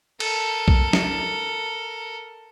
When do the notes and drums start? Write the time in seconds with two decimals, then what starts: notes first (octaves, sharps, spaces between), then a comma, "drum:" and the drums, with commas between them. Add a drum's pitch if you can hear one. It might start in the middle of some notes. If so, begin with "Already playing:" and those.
0.20 A4 A#4, drum: cymbal
0.68 drum: kick B1
0.93 drum: snare